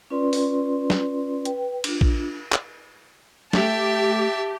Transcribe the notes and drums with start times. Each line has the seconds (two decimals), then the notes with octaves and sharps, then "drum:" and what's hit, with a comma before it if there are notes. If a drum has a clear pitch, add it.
0.11 C#4 F4 B4 D5 C6
0.33 drum: open hi-hat
0.90 drum: snare
1.45 B4 G5, drum: hi-hat
1.84 D4 F4, drum: cymbal
2.01 drum: kick
2.52 drum: clap
3.53 A3 G4 E5 A5, drum: snare